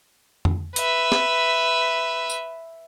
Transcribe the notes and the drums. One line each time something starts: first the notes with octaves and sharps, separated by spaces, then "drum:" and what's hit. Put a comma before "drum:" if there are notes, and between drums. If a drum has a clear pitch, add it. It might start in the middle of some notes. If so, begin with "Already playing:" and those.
drum: tom
B4 E5, drum: hi-hat
drum: snare
drum: tambourine